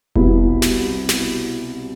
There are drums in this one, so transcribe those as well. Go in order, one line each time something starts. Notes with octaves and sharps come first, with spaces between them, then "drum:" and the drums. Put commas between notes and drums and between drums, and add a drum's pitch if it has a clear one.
C2 B2 B3 E4, drum: kick F1
drum: snare
drum: snare